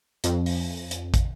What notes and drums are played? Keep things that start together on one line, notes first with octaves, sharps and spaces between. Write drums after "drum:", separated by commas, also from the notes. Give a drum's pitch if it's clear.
F2, drum: hi-hat
drum: open hi-hat
drum: hi-hat
drum: kick, hi-hat